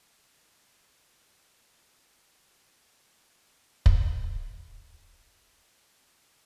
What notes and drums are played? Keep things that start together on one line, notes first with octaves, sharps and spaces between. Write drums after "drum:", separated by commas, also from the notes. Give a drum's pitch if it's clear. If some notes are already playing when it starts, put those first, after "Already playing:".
F2 D#3 A#3 D#4
D5 A5
drum: kick
B1 B3 C#4
D#2 D4 C6 E6
F2 G3 F#4 C6